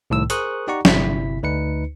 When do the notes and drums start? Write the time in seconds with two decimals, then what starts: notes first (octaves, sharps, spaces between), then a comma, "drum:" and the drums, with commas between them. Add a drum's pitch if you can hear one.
0.10 C2 A2 D#3 E6
0.30 G#4 A#4 C5 C#6 D#6 F#6, drum: hi-hat
0.68 D#4 G4 D5 F#5 A#5 C#6
0.85 G1 C3 E4 B6, drum: snare
1.43 D2 D#4 B4 C#7